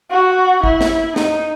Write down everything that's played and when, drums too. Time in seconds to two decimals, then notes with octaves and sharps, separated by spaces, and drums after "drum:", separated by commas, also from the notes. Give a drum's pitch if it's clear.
0.11 F#4
0.64 E4, drum: kick
0.81 drum: snare
1.16 D#4, drum: snare